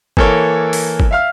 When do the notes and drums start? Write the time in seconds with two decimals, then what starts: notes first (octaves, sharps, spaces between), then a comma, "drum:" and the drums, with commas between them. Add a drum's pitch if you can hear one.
0.17 E3 A#3 A4 A#4 C#5, drum: kick
0.73 drum: open hi-hat
1.00 drum: kick
1.11 E5 F5 F6